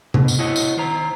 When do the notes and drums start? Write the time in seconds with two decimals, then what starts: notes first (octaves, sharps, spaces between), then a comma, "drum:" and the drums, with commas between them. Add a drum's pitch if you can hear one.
0.14 B2, drum: tom C3
0.28 drum: tambourine
0.39 E4 F#4 C#5 D#5
0.56 drum: tambourine
0.77 D#3 C5 A#5